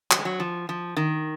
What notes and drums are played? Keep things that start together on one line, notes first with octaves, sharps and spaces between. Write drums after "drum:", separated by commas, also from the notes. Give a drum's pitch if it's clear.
F#3, drum: clap
G#3
F#3
F3
F3
D#3